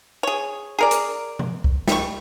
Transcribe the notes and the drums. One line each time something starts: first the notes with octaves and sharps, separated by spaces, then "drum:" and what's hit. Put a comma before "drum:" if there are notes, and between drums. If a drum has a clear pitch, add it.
G#4 C#5
G#4 A#4 D5
drum: hi-hat
drum: tom B2
drum: kick C2
G3 C#6, drum: snare